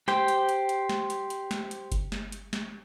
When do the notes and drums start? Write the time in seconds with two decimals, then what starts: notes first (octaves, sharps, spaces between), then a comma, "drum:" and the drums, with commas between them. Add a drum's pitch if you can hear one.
0.08 G4 C5 G5, drum: snare
0.28 drum: hi-hat
0.49 drum: hi-hat
0.69 drum: hi-hat
0.89 drum: snare
1.10 drum: hi-hat
1.30 drum: hi-hat
1.51 drum: snare
1.71 drum: hi-hat
1.92 drum: kick G1, hi-hat
2.12 drum: snare
2.32 drum: hi-hat
2.53 drum: snare